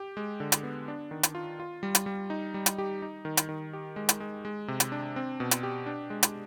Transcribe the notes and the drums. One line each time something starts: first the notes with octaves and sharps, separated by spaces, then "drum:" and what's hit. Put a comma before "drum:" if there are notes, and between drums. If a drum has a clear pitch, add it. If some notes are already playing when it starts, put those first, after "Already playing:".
Already playing: G4
G#3
D3
drum: hi-hat
B3
D4
D#3
drum: hi-hat
F4
F4
G3
drum: hi-hat
G3
D#4
G3
drum: hi-hat
G4
D#4
D#3
drum: hi-hat
D#3
G4
G#3
drum: hi-hat
G#3
G#3
C3
drum: hi-hat
D4
C4
B2
drum: hi-hat
G4
D4
G#3
drum: hi-hat